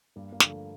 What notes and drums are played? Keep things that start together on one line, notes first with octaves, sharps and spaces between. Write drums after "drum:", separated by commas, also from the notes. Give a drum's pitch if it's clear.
G2 A#3
A#3
D3 F3, drum: snare
A3